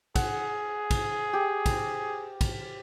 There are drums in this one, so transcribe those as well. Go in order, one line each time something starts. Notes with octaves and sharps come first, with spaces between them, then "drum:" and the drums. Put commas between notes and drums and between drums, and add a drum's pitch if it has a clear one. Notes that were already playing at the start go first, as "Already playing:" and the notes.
G#4 F#5, drum: kick, cymbal
drum: kick, cymbal
G4
drum: kick, cymbal
drum: kick, cymbal